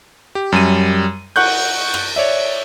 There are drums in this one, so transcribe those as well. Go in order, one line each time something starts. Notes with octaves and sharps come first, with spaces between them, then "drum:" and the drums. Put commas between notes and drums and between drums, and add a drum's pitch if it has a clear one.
G4
F#2 G3 D#7
F#5 C#6 F#6 G6, drum: cymbal
drum: rim click
C#5 D5 E5